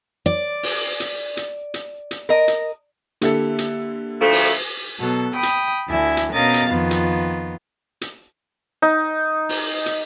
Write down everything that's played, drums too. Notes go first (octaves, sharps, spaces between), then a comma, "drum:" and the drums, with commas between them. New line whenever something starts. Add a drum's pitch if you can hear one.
D5
drum: open hi-hat
drum: hi-hat
drum: hi-hat
drum: hi-hat
drum: hi-hat
A#4 D#5
drum: hi-hat
D3 A#3 E4 G4 A4 E5, drum: hi-hat
drum: hi-hat
D2 F3 A3
drum: open hi-hat
B2 F#3 A4
G5 B5 D#6
drum: hi-hat
D2 D3 E4 E5 G#5
drum: hi-hat
B2 C#4 A#4 D#5 F5 A6
drum: hi-hat
F2 D#3 B3 F4
drum: hi-hat
drum: hi-hat
D#4
drum: open hi-hat
drum: hi-hat